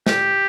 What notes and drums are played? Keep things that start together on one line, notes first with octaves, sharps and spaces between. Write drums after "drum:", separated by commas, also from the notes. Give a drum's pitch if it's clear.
G4, drum: snare